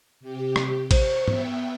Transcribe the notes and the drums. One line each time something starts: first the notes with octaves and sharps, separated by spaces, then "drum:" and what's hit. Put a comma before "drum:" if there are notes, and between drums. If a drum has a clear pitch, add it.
C3 G4
drum: rim click
C5 C#6, drum: kick, cymbal
B3 E5 G5, drum: tom